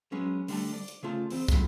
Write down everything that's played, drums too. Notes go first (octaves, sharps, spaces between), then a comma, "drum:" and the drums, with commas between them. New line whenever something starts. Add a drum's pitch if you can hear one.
F#3 G#3 B3 C#4
D3 G3 A3 A5, drum: open hi-hat
D5
drum: hi-hat
C#3 A3 F4 A5
E2 C4, drum: open hi-hat
G2 D3 F3 F#3 G#3 A3, drum: kick, hi-hat